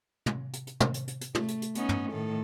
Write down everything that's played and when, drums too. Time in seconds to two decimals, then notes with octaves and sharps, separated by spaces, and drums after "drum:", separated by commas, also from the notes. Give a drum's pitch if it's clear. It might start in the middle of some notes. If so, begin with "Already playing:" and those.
0.26 drum: tom
0.53 drum: hi-hat
0.67 drum: hi-hat
0.80 drum: tom
0.94 drum: hi-hat
1.08 drum: hi-hat
1.21 drum: hi-hat
1.35 A3, drum: tom
1.48 drum: hi-hat
1.62 drum: hi-hat
1.75 B3 C#4 D#4, drum: hi-hat
1.89 drum: tom
2.11 A2 D#3 A4